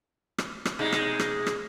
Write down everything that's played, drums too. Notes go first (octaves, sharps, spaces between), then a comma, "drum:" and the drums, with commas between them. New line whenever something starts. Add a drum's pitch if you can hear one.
drum: rim click
drum: rim click
B2 G#3 D#4
drum: rim click
drum: rim click
drum: rim click